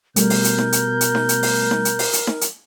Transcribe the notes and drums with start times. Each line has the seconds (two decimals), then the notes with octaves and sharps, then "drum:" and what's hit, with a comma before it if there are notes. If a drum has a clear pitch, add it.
0.16 B2 G3 A3 A#4 G6, drum: hi-hat
0.30 drum: open hi-hat
0.44 drum: hi-hat
0.58 drum: snare D#4
0.72 drum: hi-hat
1.01 drum: hi-hat
1.15 drum: snare D#4
1.29 drum: hi-hat
1.43 drum: open hi-hat
1.71 drum: snare D#4
1.85 drum: hi-hat
1.99 drum: open hi-hat
2.13 drum: hi-hat
2.27 drum: snare D#4
2.41 drum: hi-hat